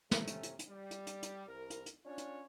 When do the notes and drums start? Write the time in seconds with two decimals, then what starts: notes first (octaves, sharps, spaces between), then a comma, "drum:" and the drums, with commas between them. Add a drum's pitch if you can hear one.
0.11 C3 A3 C#4, drum: snare
0.27 drum: hi-hat
0.43 drum: hi-hat
0.59 drum: hi-hat
0.69 G3
0.91 drum: hi-hat
1.07 drum: hi-hat
1.22 drum: hi-hat
1.47 C2 A#4
1.70 drum: hi-hat
1.86 drum: hi-hat
2.06 C#4 D4 F4 C#5
2.18 drum: hi-hat